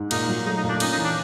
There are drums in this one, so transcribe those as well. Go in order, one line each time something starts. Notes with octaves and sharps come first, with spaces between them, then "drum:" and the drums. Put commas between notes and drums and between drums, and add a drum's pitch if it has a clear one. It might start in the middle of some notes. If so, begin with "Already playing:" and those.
Already playing: G#2
A#2 D#4, drum: cymbal
F#3
A3 D#4
D#4
A#2
D4
C#4 D#4, drum: cymbal
D#4
E3
D4